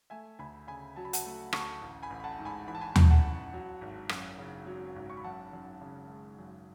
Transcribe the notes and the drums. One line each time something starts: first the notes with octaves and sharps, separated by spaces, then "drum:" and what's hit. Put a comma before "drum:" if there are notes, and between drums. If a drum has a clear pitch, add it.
A3 E5 G#5
D2 G#5 B5
C#3 G#5 B5
F#3 A5
B5
F#5 A5, drum: hi-hat
A3
D2 A5 C#6, drum: rim click
A1
G#5 B5
A1
B5
F#5 A5
G#2
G#5 B5
E3 B5
A5
G#5 B5
A1, drum: tom
F#5 A5
A1
F#3
G#1
F#2, drum: rim click
C#3
F#3
G#1
C#6
B5
F#2 F#5 A5
F#2
C#3
G#3
F#2